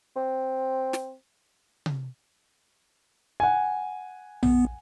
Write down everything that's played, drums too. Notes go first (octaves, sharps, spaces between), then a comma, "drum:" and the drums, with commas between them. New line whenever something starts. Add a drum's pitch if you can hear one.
C4
drum: snare
drum: tom C3
F#5 G#5
B3, drum: tom A#1